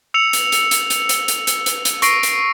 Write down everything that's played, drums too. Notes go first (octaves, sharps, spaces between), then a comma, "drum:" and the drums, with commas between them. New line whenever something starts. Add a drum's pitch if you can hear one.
E6 C#7 F7
drum: hi-hat
drum: hi-hat
drum: hi-hat
drum: hi-hat
drum: hi-hat
drum: hi-hat
drum: hi-hat
drum: hi-hat
drum: hi-hat
C#6 A#6 C7 D7, drum: hi-hat
drum: hi-hat